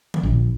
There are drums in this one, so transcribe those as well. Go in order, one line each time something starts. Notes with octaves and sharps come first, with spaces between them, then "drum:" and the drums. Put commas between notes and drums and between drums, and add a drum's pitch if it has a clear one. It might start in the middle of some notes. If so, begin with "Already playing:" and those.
drum: tom D3
A#1